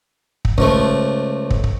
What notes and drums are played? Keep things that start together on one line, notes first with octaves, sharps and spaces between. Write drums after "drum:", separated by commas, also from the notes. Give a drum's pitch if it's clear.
drum: kick
C#2 F3 A3, drum: kick
drum: kick
drum: kick